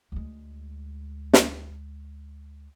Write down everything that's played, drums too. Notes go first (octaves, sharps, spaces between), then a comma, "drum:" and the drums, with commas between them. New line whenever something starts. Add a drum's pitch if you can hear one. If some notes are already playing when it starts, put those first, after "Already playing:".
D2 G#3
drum: snare